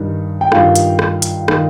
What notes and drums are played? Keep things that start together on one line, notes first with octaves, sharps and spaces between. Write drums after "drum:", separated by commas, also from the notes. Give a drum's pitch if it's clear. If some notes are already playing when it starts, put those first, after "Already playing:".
Already playing: G2 D#3 D#4
G5
G2 D#3 F4 F5, drum: rim click
drum: hi-hat
drum: rim click
drum: hi-hat
D#3, drum: rim click